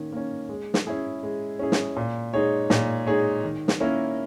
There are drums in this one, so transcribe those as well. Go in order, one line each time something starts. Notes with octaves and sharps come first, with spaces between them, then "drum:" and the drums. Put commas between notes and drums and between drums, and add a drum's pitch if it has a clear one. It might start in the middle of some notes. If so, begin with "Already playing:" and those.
Already playing: D#3 A#3 C#4
A#3 C#4
G#3
drum: snare
C#4 E4 G#4
G#3
C#4 E4 G#4
drum: snare
A#2
G#3 D#4 G#4 C#5
A#2, drum: snare
G#3 D#4 G#4 C#5
D#3
drum: snare
A#3 C#4 E4 A#4